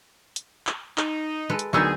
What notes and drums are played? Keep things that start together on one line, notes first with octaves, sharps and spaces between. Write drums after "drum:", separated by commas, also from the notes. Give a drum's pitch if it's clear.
drum: hi-hat
drum: clap
D#4, drum: clap
G#3 A4 B4
drum: hi-hat
D2 D#3 F#3 B3 D#4 G#4 E6